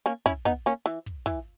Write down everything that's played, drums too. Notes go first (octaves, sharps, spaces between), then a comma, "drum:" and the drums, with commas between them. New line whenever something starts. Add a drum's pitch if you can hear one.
A#3 C#4
C#4 E4, drum: kick
B3 D#4, drum: kick, hi-hat
A#3 C#4
E3
drum: kick
E3, drum: kick, hi-hat